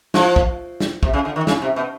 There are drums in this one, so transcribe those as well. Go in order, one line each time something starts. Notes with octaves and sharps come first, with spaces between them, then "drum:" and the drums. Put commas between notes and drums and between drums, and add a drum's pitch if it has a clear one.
F3, drum: snare
drum: kick
drum: snare
C3, drum: kick
C#3
D3
D#3
C#3, drum: snare
C3
B2